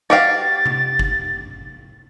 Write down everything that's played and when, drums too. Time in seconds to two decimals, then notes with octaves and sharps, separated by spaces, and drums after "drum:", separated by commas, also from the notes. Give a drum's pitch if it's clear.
0.10 F#4 G4 F5 A6
0.66 drum: tom C3
0.99 drum: kick